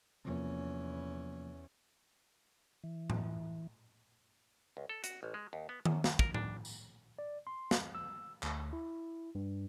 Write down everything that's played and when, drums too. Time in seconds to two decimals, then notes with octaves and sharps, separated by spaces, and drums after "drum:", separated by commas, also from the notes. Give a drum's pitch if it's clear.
0.25 E2 C3 F3 A#3 C#4
2.84 E3
3.10 drum: tom A2
4.77 C#2
4.89 A4
5.04 F#4, drum: hi-hat
5.23 A1
5.34 G#3
5.53 D#2
5.69 B3
5.85 F#2, drum: tom D#3
6.04 A2, drum: snare
6.19 A#4, drum: kick
6.34 D4, drum: tom A2
6.65 drum: tambourine
7.19 D5
7.47 C6
7.71 drum: snare
7.95 E6
8.43 D2, drum: clap
8.73 E4
9.35 G2